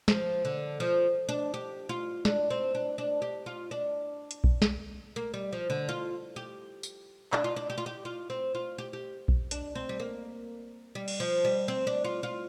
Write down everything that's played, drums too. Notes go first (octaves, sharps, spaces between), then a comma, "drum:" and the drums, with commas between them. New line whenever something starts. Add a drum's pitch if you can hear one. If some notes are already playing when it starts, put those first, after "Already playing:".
F3, drum: snare
D3
F3
D4
G4
F4
D4, drum: snare
C4
D4
D4
G4
F4
D4
drum: hi-hat
drum: kick A#1
drum: snare
A#3
G3
F3
D3
F4
G4
drum: tambourine
D4, drum: clap
F4
D4
G4
F4
G4
F4
C4
F4
G4
G4
drum: kick A#1
D4, drum: hi-hat
C4
G3
A#3
G3
drum: cymbal
F3
G3
C4
D4
F4
F4